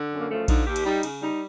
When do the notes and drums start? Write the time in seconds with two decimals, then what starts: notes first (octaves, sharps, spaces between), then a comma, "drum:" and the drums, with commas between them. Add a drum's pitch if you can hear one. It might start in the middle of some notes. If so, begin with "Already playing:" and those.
Already playing: D3
0.12 F#2
0.20 A#3
0.30 F3 A3
0.48 D3 D#4, drum: kick A#1, cymbal
0.66 D#2 G4
0.76 drum: cymbal
0.85 G3 D#4
1.03 C#3, drum: cymbal
1.22 G3 D#4